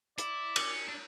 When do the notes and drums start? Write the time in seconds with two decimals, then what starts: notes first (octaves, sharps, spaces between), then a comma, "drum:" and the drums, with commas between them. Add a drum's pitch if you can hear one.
0.18 E4 D5, drum: hi-hat
0.56 C#4, drum: cymbal
0.88 D4